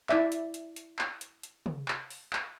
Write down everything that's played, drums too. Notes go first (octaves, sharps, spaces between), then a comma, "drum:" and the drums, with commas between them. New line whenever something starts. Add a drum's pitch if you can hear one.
E4 D5 E5, drum: clap
drum: hi-hat
drum: hi-hat
drum: hi-hat
drum: clap
drum: hi-hat
drum: hi-hat
drum: tom
drum: clap
drum: open hi-hat
drum: clap